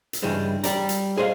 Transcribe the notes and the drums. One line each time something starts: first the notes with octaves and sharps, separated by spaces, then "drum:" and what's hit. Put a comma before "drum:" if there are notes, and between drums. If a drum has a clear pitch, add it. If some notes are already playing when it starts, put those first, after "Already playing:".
drum: hi-hat
G2 C#3 E3 G3 G#3
G3 D5 A#5, drum: hi-hat
drum: hi-hat
G#4 C5 D#5 F5